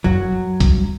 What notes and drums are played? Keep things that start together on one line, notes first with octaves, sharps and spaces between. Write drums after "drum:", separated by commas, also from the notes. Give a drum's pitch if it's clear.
F#2 F#3 F#4
F#2
G2, drum: kick B1, hi-hat